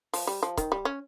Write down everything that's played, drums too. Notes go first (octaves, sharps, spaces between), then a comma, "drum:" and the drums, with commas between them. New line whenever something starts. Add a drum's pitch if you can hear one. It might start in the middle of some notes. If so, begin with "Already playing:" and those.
F3, drum: open hi-hat
G3
F3
D#3, drum: kick, hi-hat
G3
C#4